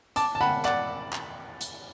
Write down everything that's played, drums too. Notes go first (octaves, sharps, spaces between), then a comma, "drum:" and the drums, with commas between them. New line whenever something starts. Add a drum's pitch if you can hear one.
A5 D6, drum: hi-hat
A5
F#5 B5
D5 F#5, drum: clap
drum: clap
drum: hi-hat